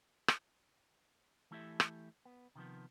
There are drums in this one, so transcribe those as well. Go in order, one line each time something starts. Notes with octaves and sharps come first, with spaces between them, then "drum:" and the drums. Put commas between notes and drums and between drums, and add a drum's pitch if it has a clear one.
drum: rim click
E3 A3 E4 G4 A4 E5
drum: rim click
B3
C3 D#3 F3 B3